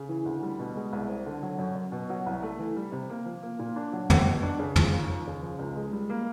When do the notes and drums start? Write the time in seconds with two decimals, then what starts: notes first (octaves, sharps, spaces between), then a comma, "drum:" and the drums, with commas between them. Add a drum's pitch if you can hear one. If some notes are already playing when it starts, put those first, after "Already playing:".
Already playing: C#3
0.09 E3
0.26 D2
0.43 G3
0.59 B2
0.76 G#3
0.93 C2
1.09 C4
1.26 D3
1.43 F#3
1.59 F#2
1.75 F#2
1.92 B2
2.10 F#3
2.26 C2
2.43 A3
2.59 E3
2.76 G3
2.92 C3
3.10 A#3
3.26 F3
3.43 A#3
3.59 A#2
3.76 D4
3.93 F#3
4.10 B3, drum: tom
4.26 B2
4.43 D4
4.59 C#3
4.76 F3, drum: tom
4.93 D#2
5.09 D#2
5.27 C#3
5.42 F3
5.59 C#2
5.76 G#3
5.92 G3
6.10 A#3